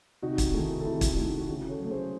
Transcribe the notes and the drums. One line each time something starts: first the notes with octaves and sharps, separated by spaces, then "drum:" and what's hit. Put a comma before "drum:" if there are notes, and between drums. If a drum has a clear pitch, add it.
C3 D#4 F#4
drum: kick, hi-hat
D#3 A3 E4 G#4
A4
C3 E4 G#4
drum: kick, hi-hat
E4
D#3 A3 D#4 F#4
F#4
C#3 E4 G#4
A4 C#5
F#3 A3
G#4 C5